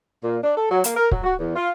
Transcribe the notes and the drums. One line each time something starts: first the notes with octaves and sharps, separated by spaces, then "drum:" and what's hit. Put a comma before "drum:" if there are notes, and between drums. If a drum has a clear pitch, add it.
A#2
D4
A4
F#3
A#3, drum: hi-hat
A#4
F#3, drum: kick
F#4
E2
F4